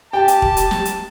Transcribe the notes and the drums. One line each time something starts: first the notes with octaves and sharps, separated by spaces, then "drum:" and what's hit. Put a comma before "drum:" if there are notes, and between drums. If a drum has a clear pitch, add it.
G4 G5 A5
drum: hi-hat
drum: kick
drum: hi-hat
drum: snare
drum: hi-hat